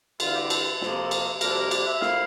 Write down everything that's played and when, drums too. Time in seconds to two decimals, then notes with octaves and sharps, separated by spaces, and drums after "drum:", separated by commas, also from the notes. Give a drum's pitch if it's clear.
0.20 E2 D3 G3 C4 E4 F4, drum: cymbal
0.35 G4
0.50 A4, drum: cymbal
0.82 F2 C3 F3 A#3, drum: snare
1.11 drum: cymbal
1.41 F2 C3 G3 A#3 D4 A#4, drum: cymbal
1.51 A4
1.60 A#4
1.71 D5, drum: cymbal
1.87 E5
2.02 A#2 A3 C4 E4 F5, drum: snare